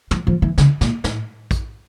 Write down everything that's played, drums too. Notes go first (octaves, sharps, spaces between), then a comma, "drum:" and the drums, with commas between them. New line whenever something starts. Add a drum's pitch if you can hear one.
F3, drum: tom
F3
E3
C#3, drum: snare
A#2, drum: snare
A2, drum: snare
drum: kick A#1, hi-hat